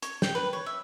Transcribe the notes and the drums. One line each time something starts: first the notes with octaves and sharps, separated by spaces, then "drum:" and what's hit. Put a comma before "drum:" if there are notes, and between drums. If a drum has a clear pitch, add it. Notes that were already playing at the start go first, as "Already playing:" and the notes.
C#5, drum: hi-hat
G5, drum: snare
B4
C#5
E5